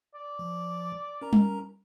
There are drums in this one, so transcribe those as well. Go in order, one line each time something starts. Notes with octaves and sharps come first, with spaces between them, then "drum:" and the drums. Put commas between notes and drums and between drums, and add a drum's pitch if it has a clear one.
D5
F3
C#4 A#4 A#5
drum: tom G3